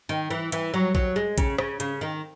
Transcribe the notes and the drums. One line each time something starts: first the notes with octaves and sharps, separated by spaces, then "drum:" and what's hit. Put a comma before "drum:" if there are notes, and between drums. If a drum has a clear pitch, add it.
D#3
E3
E3, drum: hi-hat
F#3
F#3, drum: kick A#1
G#3
C#3, drum: kick A#1, hi-hat
C#3, drum: rim click
C#3, drum: hi-hat
D#3